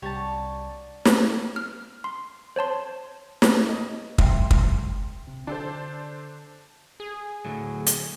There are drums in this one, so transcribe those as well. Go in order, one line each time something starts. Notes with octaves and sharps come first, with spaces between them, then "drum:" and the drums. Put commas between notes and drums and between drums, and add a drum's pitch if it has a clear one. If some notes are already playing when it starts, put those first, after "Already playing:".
C2 D4 F#4 G4 C#5 A5 A#5 A6
drum: snare
F6
C6
C5 C#5 A5 C6
drum: snare
D#5 D#6
G#3 E5 G5 C6, drum: kick
drum: kick
C3
D3 D4 A4 C5
G#4
D2 A2 F#3
drum: hi-hat